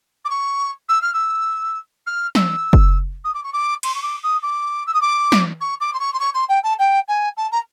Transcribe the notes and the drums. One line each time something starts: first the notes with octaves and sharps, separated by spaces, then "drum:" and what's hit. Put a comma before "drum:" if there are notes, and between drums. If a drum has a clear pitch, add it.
D6
C#6
E6
F6
E6
F6
E6, drum: snare
drum: kick
D#6
D6
C#6
D6
C6, drum: cymbal
C#6
D6
D#6
D6
E6
D#6
D6
drum: snare
C#6
D6
C6
C#6
C6
C#6
C6
G5
A5
G5
G#5
A5
A#5